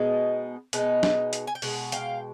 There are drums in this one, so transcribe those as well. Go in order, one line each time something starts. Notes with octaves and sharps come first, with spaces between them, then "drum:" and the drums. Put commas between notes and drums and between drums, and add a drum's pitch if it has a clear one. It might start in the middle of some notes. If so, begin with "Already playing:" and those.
Already playing: B2 G#3 B3 D#4
B2 G#3 B3 D#4, drum: hi-hat
drum: snare
drum: hi-hat
G#5
G5
B2 G#3 F#5, drum: open hi-hat
F5 G5, drum: hi-hat